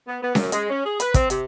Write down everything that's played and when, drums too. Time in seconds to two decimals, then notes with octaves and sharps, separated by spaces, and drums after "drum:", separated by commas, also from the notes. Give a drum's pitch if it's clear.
0.07 B3
0.22 B3
0.35 F#2, drum: snare C#4
0.52 G#3, drum: hi-hat
0.70 C#4
0.85 G#4
1.00 B4, drum: hi-hat
1.14 C4, drum: kick, hi-hat
1.30 C3, drum: hi-hat